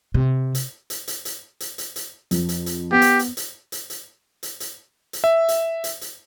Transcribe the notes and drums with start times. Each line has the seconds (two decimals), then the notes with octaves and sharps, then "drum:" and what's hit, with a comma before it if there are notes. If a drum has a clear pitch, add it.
0.14 C3
0.55 drum: hi-hat
0.90 drum: hi-hat
1.08 drum: hi-hat
1.25 drum: hi-hat
1.60 drum: hi-hat
1.78 drum: hi-hat
1.96 drum: hi-hat
2.31 F2, drum: hi-hat
2.49 drum: hi-hat
2.66 drum: hi-hat
2.92 B3 G4
3.02 drum: hi-hat
3.19 drum: hi-hat
3.37 drum: hi-hat
3.72 drum: hi-hat
3.90 drum: hi-hat
4.43 drum: hi-hat
4.60 drum: hi-hat
5.13 drum: hi-hat
5.24 E5
5.48 drum: hi-hat
5.84 drum: hi-hat
6.01 drum: hi-hat